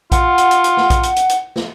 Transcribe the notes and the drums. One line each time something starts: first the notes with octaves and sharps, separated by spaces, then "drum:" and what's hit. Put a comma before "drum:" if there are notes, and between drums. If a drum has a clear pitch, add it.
F4 F#5, drum: kick A#1, hi-hat
drum: hi-hat
drum: hi-hat
drum: hi-hat
drum: snare
drum: kick A#1, hi-hat
drum: hi-hat
drum: hi-hat
drum: hi-hat
drum: snare